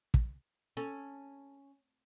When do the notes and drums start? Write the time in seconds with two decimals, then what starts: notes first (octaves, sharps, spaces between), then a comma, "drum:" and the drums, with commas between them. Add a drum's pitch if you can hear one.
0.14 drum: kick
0.77 C#4 A4